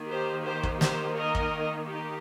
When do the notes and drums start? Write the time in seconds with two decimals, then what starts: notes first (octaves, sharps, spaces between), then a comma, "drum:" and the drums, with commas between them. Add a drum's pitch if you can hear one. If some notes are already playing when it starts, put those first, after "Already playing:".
Already playing: D#3 A#3
0.10 G4 C5
0.45 G4 C5
0.63 drum: kick
0.81 G4 C5, drum: snare
1.17 A#4 D#5
1.35 drum: kick
1.88 D#4 G4